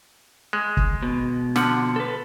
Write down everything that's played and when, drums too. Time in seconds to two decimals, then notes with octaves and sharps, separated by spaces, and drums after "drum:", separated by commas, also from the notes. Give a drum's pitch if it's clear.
0.53 G#3
0.77 drum: kick
1.03 B2
1.56 D3 F3 F#5, drum: snare
1.96 A4 B4